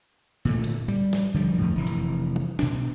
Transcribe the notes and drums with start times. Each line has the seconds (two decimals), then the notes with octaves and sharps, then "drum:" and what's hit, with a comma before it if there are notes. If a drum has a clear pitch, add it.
0.45 A#2 D3 A3
0.64 drum: hi-hat
0.88 G3, drum: tom A2
1.13 drum: snare
1.34 D3 F3 G3
1.58 F2 A2
1.76 F1 E3
1.87 drum: hi-hat
2.36 drum: tom
2.59 B2 D4, drum: snare